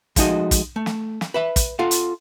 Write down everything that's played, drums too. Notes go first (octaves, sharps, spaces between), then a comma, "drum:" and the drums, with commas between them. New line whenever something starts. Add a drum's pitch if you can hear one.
F3 G#3 A3 D#4 F#4 D#5, drum: kick, hi-hat
drum: kick, hi-hat
A3
drum: snare
drum: snare
B4 E5 B5
drum: kick, hi-hat
F4 A4 F5 F#5
drum: hi-hat